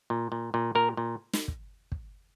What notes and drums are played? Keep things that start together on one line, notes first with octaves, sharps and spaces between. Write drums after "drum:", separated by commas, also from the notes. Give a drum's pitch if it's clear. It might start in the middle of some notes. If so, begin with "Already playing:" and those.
A#2
A#2
A#2
A#2 A#4
A#2
drum: snare
drum: kick
drum: kick